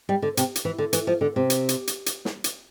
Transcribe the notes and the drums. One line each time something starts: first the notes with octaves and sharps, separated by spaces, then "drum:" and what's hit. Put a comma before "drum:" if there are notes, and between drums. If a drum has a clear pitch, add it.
G3
D3
C3, drum: hi-hat
drum: hi-hat
E3
D3
E3, drum: hi-hat
F3
D3
C3
drum: hi-hat
drum: hi-hat
drum: hi-hat
drum: hi-hat
drum: snare
drum: hi-hat